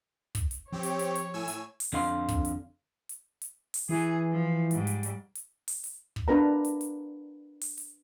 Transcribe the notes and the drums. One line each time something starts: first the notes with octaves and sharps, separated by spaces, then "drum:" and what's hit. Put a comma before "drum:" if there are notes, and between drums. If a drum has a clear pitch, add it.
drum: kick, hi-hat
drum: hi-hat
F3 C4 G4 C#5
drum: hi-hat
drum: hi-hat
drum: hi-hat
A2 G#5 E6
drum: hi-hat
drum: open hi-hat
F2 D3 F5 C6
drum: kick, hi-hat
drum: hi-hat
drum: hi-hat
drum: hi-hat
drum: open hi-hat
E3 G#4
F3
G#2 G3, drum: hi-hat
drum: hi-hat
drum: hi-hat
drum: hi-hat
drum: open hi-hat
drum: hi-hat
drum: kick
D4 A#4 B4 A#5
drum: hi-hat
drum: hi-hat
drum: open hi-hat
drum: hi-hat